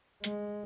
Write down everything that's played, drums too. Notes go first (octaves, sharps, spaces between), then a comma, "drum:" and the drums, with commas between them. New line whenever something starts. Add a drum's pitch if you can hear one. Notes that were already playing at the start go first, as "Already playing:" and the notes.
G#3, drum: hi-hat